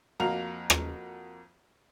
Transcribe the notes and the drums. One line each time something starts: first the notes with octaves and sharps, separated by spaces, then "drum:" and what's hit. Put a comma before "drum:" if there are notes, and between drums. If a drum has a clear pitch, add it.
F2 A#3 F#4 F5 A#5 F7
drum: rim click